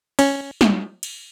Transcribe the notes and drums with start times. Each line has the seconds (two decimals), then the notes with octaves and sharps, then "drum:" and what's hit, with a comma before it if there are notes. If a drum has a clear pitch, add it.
0.19 C#4, drum: cymbal
0.61 drum: snare
1.03 drum: cymbal